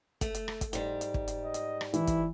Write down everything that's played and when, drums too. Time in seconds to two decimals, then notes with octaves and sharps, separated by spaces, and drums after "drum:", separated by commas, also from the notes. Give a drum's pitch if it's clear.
0.21 A3, drum: kick, hi-hat
0.34 drum: hi-hat
0.48 drum: rim click
0.61 drum: kick, hi-hat
0.73 G#2 G3, drum: hi-hat
1.01 drum: hi-hat
1.14 drum: kick
1.28 drum: hi-hat
1.45 D#5
1.54 drum: hi-hat
1.81 drum: rim click
1.94 E3 E4, drum: hi-hat
2.07 drum: kick, hi-hat